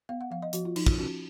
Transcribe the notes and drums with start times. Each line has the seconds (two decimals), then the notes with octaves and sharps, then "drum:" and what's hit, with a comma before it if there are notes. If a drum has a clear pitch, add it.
0.09 B3 F5
0.21 F#5
0.31 F3 F5
0.42 D#5
0.53 F3 F#4, drum: hi-hat
0.65 F4
0.76 F3 D#4, drum: cymbal
0.86 F4, drum: kick
0.99 C#4 F#4